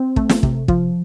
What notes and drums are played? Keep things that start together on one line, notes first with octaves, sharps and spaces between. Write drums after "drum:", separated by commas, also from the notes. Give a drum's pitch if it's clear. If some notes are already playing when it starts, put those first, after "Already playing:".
Already playing: C4
A3, drum: kick
drum: snare
C3, drum: kick
F3, drum: kick